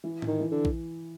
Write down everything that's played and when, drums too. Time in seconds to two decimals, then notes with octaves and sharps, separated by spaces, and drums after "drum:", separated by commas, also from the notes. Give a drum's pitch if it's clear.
0.04 E3
0.22 E3, drum: tom A2
0.28 D#3
0.40 E3
0.52 D3
0.65 drum: kick A#1